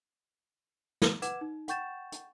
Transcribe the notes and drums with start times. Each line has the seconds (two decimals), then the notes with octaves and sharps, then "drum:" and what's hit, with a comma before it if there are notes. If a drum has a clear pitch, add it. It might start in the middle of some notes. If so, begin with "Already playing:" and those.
1.02 drum: snare
1.22 B4 F#5 D6 G#6 E7, drum: hi-hat
1.41 D#4
1.68 F#5 G5 C#6 G6 A6 E7, drum: hi-hat
2.12 drum: hi-hat